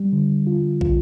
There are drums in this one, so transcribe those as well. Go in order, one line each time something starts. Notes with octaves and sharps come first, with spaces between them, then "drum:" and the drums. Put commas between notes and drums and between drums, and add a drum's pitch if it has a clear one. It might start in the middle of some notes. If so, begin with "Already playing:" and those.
Already playing: G3
D3
F4
F4, drum: kick